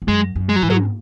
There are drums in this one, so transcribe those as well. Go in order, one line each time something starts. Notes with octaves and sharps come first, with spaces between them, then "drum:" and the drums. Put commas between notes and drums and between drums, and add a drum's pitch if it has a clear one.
E2
F#2 G#3
F#2
G#3
F#3
G#2 E3
F#3, drum: tom